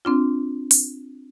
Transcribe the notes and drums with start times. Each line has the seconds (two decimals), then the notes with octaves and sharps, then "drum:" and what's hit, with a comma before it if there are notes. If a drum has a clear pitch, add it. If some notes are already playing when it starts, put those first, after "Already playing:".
0.05 C4 D4 F4
0.71 drum: open hi-hat